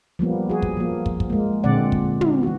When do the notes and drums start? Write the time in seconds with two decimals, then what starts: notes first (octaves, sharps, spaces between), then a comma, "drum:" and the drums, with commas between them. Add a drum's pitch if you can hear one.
0.19 F3 G3 A#3 B3
0.49 F#4 G#4
0.62 drum: kick
0.77 F3 A#3
1.06 drum: kick
1.20 drum: kick
1.30 G#3 A#3
1.64 A#2 D3 G#3 C4 D5 F#5
1.92 drum: kick
2.21 drum: tom
2.43 E3 F#4